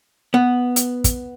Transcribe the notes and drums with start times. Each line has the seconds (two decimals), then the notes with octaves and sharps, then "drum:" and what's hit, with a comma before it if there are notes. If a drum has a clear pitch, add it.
0.34 B3
0.76 drum: hi-hat
1.04 drum: kick, hi-hat